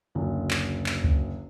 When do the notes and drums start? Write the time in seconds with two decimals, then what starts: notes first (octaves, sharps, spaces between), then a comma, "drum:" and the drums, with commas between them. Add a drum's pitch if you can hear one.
0.15 F#1 D2
0.51 drum: clap
0.86 drum: clap
1.04 drum: kick C#2